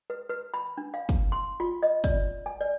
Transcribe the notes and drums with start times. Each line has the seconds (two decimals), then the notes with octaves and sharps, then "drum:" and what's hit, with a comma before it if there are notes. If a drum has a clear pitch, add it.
0.10 B4
0.30 B4
0.54 B5
0.78 D4
0.94 F5
1.09 drum: kick, hi-hat
1.32 C6
1.60 F4
1.83 D#5
2.04 D5, drum: kick, hi-hat
2.46 G#5
2.61 D5